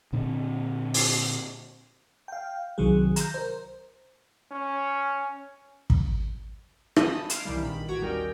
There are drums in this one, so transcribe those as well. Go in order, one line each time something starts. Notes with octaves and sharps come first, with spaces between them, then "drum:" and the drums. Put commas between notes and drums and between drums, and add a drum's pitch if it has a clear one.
A#2 D3 C4
drum: open hi-hat
F5 G5
C2 C3 D#3 F#3 G#4
A#5 G6, drum: hi-hat
A#4 C5
C#4
drum: kick
D#5 G#5 A5 B5 D#6, drum: rim click
F5 C6 D6, drum: hi-hat
C2 D#3 E3 G3
A#1 D#3 B5
A1 F#4 A#5 G#6 B6 D7
D#2 G3 C#4 D#4 A#4 G5